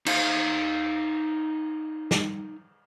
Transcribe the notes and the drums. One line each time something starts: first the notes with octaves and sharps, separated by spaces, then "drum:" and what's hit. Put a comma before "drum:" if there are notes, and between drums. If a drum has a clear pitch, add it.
D#4 F5, drum: cymbal
drum: snare